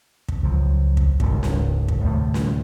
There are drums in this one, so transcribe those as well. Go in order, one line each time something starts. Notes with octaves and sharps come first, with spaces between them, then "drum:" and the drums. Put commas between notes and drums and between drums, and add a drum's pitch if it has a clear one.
drum: kick
C#2 F3 F#3
drum: kick
E1 C#2 G#2 B2, drum: kick
drum: snare
drum: kick
D2 A2 C3 A3
drum: snare